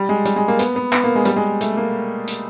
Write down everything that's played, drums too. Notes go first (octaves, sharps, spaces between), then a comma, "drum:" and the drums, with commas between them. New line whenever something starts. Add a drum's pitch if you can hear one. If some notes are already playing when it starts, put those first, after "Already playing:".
Already playing: G3
G#3
G3, drum: hi-hat
G#3
A#3
B3, drum: hi-hat
B3
B3, drum: clap
A#3
G#3
G3, drum: hi-hat
G#3
A3, drum: hi-hat
A#3
drum: hi-hat